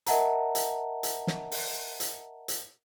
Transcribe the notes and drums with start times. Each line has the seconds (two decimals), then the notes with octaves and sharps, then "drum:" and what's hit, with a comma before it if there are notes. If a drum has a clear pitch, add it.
0.06 A#4 D#5 E5 F#5 A5 A#5, drum: hi-hat
0.55 drum: hi-hat
1.03 drum: hi-hat
1.27 drum: snare
1.51 drum: open hi-hat
2.00 drum: hi-hat
2.48 drum: hi-hat